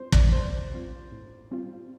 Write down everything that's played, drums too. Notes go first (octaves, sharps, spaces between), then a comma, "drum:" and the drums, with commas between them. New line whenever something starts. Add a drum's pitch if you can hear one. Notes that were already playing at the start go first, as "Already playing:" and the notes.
Already playing: G3 C4 F4 C5
D5, drum: kick
A2 C5
G3 C4 F4
A2
G3 C4 F4